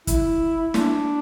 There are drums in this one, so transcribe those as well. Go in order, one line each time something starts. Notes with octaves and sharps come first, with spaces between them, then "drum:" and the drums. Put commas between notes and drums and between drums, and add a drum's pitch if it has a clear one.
E4, drum: kick, hi-hat
D4, drum: snare